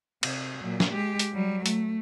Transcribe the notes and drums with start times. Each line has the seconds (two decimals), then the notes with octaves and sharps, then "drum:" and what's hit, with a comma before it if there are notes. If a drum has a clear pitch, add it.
0.23 C3, drum: cymbal
0.61 A#2 F#3
0.80 drum: snare
0.91 G#3 G4
1.19 drum: hi-hat
1.32 F#3 G3
1.66 A3, drum: hi-hat